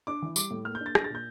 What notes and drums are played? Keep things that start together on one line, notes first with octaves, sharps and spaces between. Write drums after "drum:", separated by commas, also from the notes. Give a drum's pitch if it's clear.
D4 D6
E3
G3 D6, drum: tambourine
A2
A#3 F6
G6
D4
A6
D4 A#6, drum: rim click
A6
A#2 G6